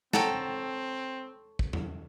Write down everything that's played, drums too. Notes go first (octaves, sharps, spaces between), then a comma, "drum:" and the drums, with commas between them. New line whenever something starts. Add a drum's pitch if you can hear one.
C4 A4 C#5 F#5 G5 A#5, drum: snare
drum: kick
drum: tom E2